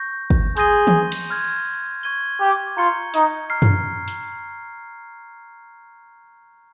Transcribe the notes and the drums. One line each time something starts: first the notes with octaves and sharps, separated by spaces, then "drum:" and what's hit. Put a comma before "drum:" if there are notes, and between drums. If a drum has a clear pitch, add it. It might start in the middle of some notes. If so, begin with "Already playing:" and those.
Already playing: C#6 G6 A#6
drum: kick
G#4 C6 G6 A#6 D#7 G7, drum: hi-hat
drum: tom
drum: cymbal
C6 F6 G#6
C#6 G#6 D#7 G7
G4
F4 A#5 C#6 G6 C#7 G7
D#4, drum: hi-hat
A#5 F6 C7
drum: tom F#2
drum: hi-hat